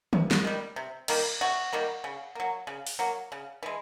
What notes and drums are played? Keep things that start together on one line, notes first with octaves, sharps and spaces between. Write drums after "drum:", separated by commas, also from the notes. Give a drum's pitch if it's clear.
C3, drum: tom D#3
drum: snare
D#3 G3
C3
D#3 G3 A#3, drum: cymbal
C3 F#4
D#3 G3 A#3
C#3
F#3 A#3
C#3
drum: open hi-hat
F#3 A#3
C#3
E3 G#3